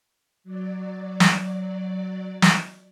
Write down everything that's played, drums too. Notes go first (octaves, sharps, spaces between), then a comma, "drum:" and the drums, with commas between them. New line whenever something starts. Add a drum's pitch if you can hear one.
F#3 D5
drum: snare
drum: snare